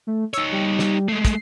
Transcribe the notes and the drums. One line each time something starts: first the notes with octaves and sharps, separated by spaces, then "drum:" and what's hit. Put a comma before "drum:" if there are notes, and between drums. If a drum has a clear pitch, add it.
A3
D#4 C#5 E6, drum: hi-hat
G3
drum: snare
G#3 A3 C7
drum: kick, hi-hat